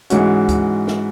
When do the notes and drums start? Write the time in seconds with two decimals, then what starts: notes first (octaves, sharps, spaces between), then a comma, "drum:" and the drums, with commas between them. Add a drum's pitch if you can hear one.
0.10 G#2 E3 G#3 C#4 F#4, drum: hi-hat
0.49 drum: kick, hi-hat
0.87 drum: snare